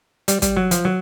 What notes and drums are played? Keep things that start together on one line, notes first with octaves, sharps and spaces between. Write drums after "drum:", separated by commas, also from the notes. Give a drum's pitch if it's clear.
G3, drum: hi-hat
G3, drum: kick, hi-hat
F#3
F3, drum: hi-hat
F#3